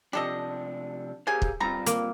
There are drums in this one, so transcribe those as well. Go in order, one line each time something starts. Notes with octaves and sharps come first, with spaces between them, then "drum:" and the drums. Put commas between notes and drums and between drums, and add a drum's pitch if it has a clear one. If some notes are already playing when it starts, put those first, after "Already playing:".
C3 F3 D4 G4 A4 D#5
A#3 G4 G#4 C5 G#5
drum: kick
G2 G3 C4 F4 A#5
A#3, drum: hi-hat